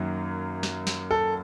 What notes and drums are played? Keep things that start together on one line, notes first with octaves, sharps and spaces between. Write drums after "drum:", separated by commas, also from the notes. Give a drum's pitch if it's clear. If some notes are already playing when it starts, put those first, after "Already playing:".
Already playing: F#2 D#3 F#3 A#3
drum: snare
drum: snare
A4